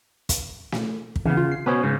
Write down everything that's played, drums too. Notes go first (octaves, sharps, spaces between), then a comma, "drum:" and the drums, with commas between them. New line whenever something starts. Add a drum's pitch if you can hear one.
drum: kick, hi-hat
drum: snare
drum: kick
C#3 E3 B3
F4
C7
B2 B3 C#4 B4 C5
G#2 C#3